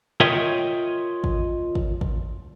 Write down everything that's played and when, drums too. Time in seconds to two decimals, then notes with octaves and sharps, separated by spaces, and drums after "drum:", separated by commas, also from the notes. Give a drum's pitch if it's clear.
0.20 F4 A#4 C#5 D#5 E5 G5
1.24 drum: kick
1.75 drum: kick
2.01 drum: kick